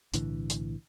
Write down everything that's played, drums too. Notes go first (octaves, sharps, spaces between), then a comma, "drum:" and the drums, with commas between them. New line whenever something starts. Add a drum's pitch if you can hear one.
B1 A2 D3 E3, drum: hi-hat
drum: hi-hat